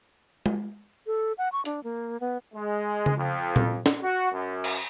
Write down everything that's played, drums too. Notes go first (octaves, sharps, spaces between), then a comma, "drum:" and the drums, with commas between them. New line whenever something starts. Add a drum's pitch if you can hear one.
drum: tom G#3
A4
F#5
C#6
D4, drum: hi-hat
A#3
B3
G#3
drum: tom C#3
F2
drum: tom A#2
drum: snare
F#4
F#2
drum: cymbal